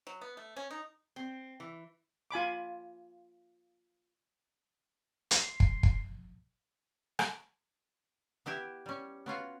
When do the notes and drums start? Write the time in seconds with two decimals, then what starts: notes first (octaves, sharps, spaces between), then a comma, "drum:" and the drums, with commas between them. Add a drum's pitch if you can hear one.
0.07 F#3
0.21 B3
0.37 A3
0.56 C#4
0.71 D#4
1.16 C4
1.60 E3
2.31 F4 G#5 B5 D6
5.31 drum: hi-hat
5.40 C6
5.60 drum: kick
5.83 drum: kick
7.19 drum: rim click
8.46 B3 E4 G4 E5
8.86 G3 C#4
9.26 B3 C#4 F4 F#4